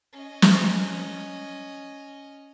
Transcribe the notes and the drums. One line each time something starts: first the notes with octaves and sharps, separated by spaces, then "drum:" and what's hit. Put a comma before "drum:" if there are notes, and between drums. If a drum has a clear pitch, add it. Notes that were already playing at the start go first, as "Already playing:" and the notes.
C#4 D#5
drum: snare